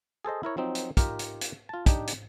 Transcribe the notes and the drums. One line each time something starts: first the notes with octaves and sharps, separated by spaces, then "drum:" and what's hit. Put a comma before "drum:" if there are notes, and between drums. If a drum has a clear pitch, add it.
G#4 A4 C5 D#5
E4 A#4 C#5
F3 F#3 C4 D#4
drum: hi-hat
D#4 F4 G4 A#4, drum: kick, hi-hat
drum: hi-hat
drum: hi-hat
F4 A5
D4 D#4 G4, drum: kick, hi-hat
drum: hi-hat